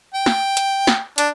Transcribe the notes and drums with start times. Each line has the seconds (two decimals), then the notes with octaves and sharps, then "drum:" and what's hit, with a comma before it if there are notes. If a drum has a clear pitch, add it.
0.14 G5
0.26 drum: snare
0.57 drum: hi-hat
0.87 drum: snare
1.18 D4, drum: hi-hat